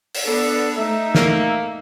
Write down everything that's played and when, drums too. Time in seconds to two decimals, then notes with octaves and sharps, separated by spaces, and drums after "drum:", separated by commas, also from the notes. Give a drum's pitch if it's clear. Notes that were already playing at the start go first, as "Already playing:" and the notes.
0.15 drum: open hi-hat
0.24 B3 D4 A4
0.78 A3 D#4 E5
1.15 A#3, drum: snare